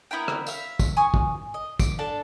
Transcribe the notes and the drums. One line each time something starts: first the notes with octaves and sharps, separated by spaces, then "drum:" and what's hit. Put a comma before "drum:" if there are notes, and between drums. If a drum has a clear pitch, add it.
B3 E4 A#4 G5
drum: rim click
E5 F5, drum: tambourine
drum: kick, tambourine
G#5 C#6 D#6
drum: kick
D#5
D6, drum: kick, tambourine
D4 A4 A5